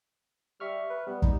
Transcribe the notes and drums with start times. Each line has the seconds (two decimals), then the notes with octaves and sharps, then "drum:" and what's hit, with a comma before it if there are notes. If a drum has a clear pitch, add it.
0.60 G3 E5 C#6 F6
0.90 B4
1.07 G3 B3
1.22 D#4, drum: kick